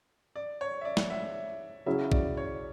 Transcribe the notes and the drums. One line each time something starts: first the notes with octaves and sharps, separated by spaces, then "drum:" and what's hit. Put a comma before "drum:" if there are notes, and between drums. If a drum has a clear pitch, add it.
D5
C#5
E5
D5
drum: snare
E5
C#3 F#3 C#4 E4 G#4 E5
D5, drum: kick A#1
C#5